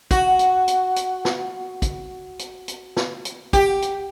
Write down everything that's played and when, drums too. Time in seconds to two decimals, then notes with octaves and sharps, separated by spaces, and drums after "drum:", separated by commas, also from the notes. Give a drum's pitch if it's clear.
0.11 F#4, drum: kick, hi-hat
0.39 drum: hi-hat
0.68 drum: hi-hat
0.96 drum: hi-hat
1.25 drum: snare
1.82 drum: kick, hi-hat
2.39 drum: hi-hat
2.68 drum: hi-hat
2.97 drum: snare
3.25 drum: hi-hat
3.53 G4, drum: kick, hi-hat
3.82 drum: hi-hat